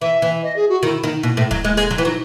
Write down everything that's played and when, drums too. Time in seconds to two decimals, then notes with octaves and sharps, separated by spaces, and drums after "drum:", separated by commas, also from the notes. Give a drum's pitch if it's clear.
0.01 E3 E5
0.22 E3
0.42 D#5
0.56 G#4
0.69 F#4
0.83 D#3 E4
1.02 D#3 D#4
1.16 D#4
1.23 B2 E4
1.37 A2
1.51 F#3, drum: kick D#1
1.64 G#3
1.77 G#3
1.91 F#3
1.98 E3
2.04 F#3 D#4